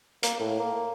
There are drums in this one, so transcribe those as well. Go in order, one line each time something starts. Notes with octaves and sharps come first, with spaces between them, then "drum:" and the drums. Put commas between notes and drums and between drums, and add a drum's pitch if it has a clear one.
A#3, drum: hi-hat
A2
A#3